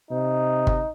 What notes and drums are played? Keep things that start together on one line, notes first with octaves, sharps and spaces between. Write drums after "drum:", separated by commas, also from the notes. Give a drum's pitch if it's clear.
C3 D#4
drum: kick G1